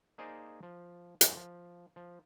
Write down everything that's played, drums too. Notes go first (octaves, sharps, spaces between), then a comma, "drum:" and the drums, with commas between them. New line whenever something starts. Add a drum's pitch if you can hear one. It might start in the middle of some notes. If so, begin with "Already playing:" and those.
A#3 D#4 G#4 C5 D5 G#5
F3
F#2 B2 E3 G#3, drum: hi-hat
F3
F3